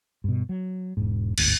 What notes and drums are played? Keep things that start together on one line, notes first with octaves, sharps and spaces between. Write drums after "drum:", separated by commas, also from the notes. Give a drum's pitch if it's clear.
G2 B2
F#3
E1 G#2
G1 D2 G#2, drum: cymbal